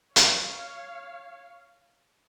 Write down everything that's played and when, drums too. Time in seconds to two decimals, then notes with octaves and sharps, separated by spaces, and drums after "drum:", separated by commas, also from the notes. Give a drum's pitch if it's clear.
0.16 C#5 F5, drum: hi-hat